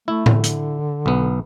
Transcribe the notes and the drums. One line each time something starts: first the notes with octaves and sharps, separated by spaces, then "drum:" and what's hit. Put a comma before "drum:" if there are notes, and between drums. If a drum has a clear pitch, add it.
A3 E4
D3, drum: tom A2
drum: hi-hat
B1 B3